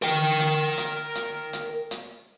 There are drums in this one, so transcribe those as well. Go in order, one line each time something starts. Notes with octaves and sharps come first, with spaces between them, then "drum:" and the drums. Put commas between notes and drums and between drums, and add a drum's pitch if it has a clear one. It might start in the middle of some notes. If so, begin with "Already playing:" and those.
A#4 G5, drum: hi-hat
drum: hi-hat
drum: hi-hat
drum: hi-hat
drum: hi-hat
drum: hi-hat